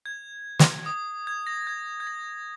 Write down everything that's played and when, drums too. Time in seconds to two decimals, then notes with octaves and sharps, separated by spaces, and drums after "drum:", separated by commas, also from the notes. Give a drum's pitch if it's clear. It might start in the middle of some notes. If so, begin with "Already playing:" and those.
0.06 G#6
0.59 drum: snare
0.86 D#6
1.27 G#6
1.47 A#6
1.67 G#6
2.00 G#6
2.07 A#6